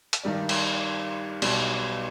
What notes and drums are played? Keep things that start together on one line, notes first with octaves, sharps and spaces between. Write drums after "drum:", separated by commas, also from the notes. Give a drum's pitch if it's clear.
drum: hi-hat
G2 D#3 G3 D4
drum: cymbal
B1 B2 G3 D4, drum: cymbal